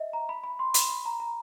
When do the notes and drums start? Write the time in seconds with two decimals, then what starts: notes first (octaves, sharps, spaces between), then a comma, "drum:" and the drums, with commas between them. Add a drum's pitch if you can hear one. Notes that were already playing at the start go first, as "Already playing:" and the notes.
Already playing: D#5 E5
0.13 A#5
0.29 B5
0.44 B5
0.59 C6
0.74 B5, drum: hi-hat
0.89 B5
1.05 A#5
1.20 A#5